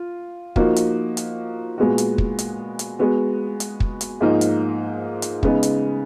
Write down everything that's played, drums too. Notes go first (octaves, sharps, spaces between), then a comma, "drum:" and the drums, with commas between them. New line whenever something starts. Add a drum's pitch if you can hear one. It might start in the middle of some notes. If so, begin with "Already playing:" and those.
Already playing: F4
F3 A#3 D#4 F#4, drum: kick
drum: hi-hat
drum: hi-hat
A#2 G#3 B3 F#4
drum: hi-hat
drum: kick
drum: hi-hat
drum: hi-hat
G#3 B3 F#4
drum: hi-hat
drum: kick
drum: hi-hat
G#2 F3 A#3 D#4 A#4
drum: hi-hat
drum: hi-hat
C#3 G#3 B3 D#4, drum: kick
drum: hi-hat